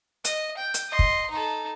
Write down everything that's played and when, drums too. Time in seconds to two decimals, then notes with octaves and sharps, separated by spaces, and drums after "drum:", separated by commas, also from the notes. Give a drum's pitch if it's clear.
0.25 D#5, drum: hi-hat
0.57 G5
0.74 drum: hi-hat
0.89 D#5 C6
0.99 drum: kick
1.31 D#4 A4